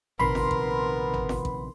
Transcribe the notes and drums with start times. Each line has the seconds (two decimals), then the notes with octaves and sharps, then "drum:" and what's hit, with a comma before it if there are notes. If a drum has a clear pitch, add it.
0.19 A#1 C3 D#3 B3 A#4 B5 C6, drum: tom G#1
0.35 drum: snare
0.51 drum: kick A1
1.13 drum: tom G#1
1.29 drum: snare
1.45 drum: kick A1